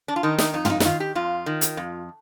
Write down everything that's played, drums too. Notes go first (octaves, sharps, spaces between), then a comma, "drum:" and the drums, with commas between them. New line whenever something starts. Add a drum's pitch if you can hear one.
D4
F4
D#3 D#4
D#4, drum: snare
F2 D#4
F4, drum: tom
D#4
D#4, drum: snare
D#3 F4
G4
F2 F4
D#3
drum: hi-hat
F2